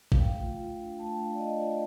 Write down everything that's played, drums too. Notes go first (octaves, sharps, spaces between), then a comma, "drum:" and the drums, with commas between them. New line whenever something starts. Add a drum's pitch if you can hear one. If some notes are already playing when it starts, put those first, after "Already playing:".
F5, drum: kick A1
A3 G5
F4
F4
D4
A3 A5
G5
D4
F5
D5
F4 D#5
F4 D5